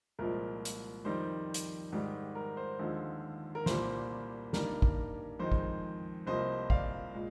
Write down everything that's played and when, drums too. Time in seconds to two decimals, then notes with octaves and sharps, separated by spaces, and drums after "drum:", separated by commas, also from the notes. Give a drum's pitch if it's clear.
0.19 C2 A#2 F3 G#3 A#4
0.65 drum: hi-hat
1.05 F2 D#3 G3 C5
1.54 drum: hi-hat
1.92 G#2 D#3 G3
2.35 A#4
2.57 C5
2.80 D#2 D3 F3 G#3
3.55 A#4
3.66 C2 A#2 G3 A#3 C5, drum: snare
4.53 G2 D#3 G3 A#3 A#4, drum: snare
4.82 drum: kick
5.39 F2 D#3 G#3 C5
5.52 drum: kick
6.27 C2 C3 F3 A#3 C5 D#5
6.70 D5 F5, drum: kick
7.14 A#2 G#3